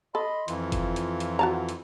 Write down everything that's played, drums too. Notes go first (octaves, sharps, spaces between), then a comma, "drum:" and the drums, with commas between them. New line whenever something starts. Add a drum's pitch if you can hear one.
A4 D#5 B5 C6
F2 E3 F4, drum: hi-hat
drum: kick F#1, hi-hat
drum: hi-hat
drum: hi-hat
F#4 A5 A#5
drum: hi-hat